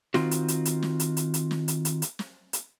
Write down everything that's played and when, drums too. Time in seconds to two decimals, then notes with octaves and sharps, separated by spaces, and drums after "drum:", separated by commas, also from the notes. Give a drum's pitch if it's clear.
0.14 D#3 C4 F4 F#4, drum: snare
0.31 drum: hi-hat
0.48 drum: hi-hat
0.65 drum: hi-hat
0.82 drum: snare
1.00 drum: hi-hat
1.17 drum: hi-hat
1.34 drum: hi-hat
1.51 drum: snare
1.68 drum: hi-hat
1.85 drum: hi-hat
2.02 drum: hi-hat
2.19 drum: snare
2.53 drum: hi-hat